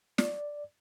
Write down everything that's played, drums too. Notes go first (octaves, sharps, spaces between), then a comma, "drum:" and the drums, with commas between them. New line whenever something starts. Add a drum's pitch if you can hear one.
D5, drum: snare